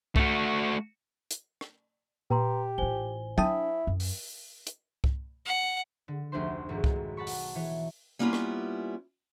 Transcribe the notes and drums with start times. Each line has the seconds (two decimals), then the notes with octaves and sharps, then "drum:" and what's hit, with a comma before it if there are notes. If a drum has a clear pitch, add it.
0.16 A3 F#4, drum: kick C2
1.31 drum: hi-hat
1.61 drum: rim click
2.30 A#2 G4 B4 A#5 C6
2.78 A1 F4 C5 G#5 G7
3.38 D4 E4 G5 A5 D#6, drum: tom F#3
3.87 F#2
4.00 drum: open hi-hat
4.67 drum: hi-hat
5.04 drum: kick C2
5.45 F#5
6.08 D3
6.32 F1 D2 A3 D4 C5 C6
6.69 B1 F2 G#2 D#3 F#4
6.84 G#3 B3, drum: kick C2
7.17 F#5 A5 B5 C#6
7.27 drum: open hi-hat
7.55 E3 C#5
8.19 G3 A#3 B3 C#4 E4 F4
8.33 drum: rim click